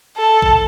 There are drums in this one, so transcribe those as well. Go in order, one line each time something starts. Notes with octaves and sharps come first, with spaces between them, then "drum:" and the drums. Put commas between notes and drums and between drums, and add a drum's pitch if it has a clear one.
A4
drum: kick A1